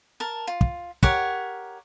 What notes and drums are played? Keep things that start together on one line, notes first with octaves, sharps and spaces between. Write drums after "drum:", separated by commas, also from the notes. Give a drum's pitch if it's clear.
A#4 A5
F4
drum: kick
G4 A#4 C#5 F#5, drum: kick